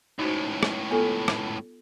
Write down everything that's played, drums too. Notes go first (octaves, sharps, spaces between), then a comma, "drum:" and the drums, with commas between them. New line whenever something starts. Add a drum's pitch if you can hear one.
C#2 A2 D#4 F#4 C5
drum: rim click
B3 F4 A4
drum: rim click